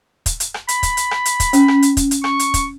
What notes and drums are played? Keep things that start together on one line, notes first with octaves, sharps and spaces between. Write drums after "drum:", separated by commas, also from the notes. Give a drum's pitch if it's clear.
drum: kick, hi-hat
drum: hi-hat
drum: rim click
B5, drum: hi-hat
drum: kick, hi-hat
drum: hi-hat
drum: rim click
drum: hi-hat
drum: kick, hi-hat
C#4, drum: hi-hat
drum: rim click
drum: hi-hat
drum: kick, hi-hat
drum: hi-hat
C#6, drum: rim click
drum: hi-hat
drum: kick, hi-hat